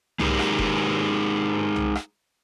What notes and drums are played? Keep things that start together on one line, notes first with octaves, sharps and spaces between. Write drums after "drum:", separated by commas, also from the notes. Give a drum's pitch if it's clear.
G#3 D#4 G4 G#4 A#4, drum: tom C2
drum: rim click
drum: kick F1
drum: tom C2
drum: rim click